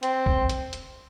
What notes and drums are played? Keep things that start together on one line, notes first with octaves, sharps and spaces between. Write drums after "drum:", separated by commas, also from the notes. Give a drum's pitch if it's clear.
C4, drum: hi-hat
drum: kick A#1
drum: hi-hat
drum: hi-hat